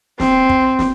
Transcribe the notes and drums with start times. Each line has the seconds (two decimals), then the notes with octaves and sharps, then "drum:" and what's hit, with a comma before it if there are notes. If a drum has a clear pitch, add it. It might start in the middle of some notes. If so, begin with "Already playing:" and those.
0.20 C4, drum: snare
0.49 drum: kick
0.79 drum: snare